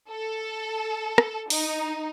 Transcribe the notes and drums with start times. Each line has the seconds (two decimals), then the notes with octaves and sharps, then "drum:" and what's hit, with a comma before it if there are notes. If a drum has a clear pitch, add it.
0.10 A4
1.18 drum: rim click
1.50 D#4, drum: open hi-hat